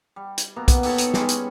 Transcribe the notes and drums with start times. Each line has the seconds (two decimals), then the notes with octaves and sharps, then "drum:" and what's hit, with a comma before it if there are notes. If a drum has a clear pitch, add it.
0.16 G3
0.38 drum: hi-hat
0.56 B2 A#3 B3 A#5
0.68 drum: kick B1, hi-hat
0.83 D#4 G4 A4 C#5, drum: open hi-hat
0.98 drum: hi-hat
1.14 G3 G#3 C#4 D#4, drum: snare
1.29 drum: hi-hat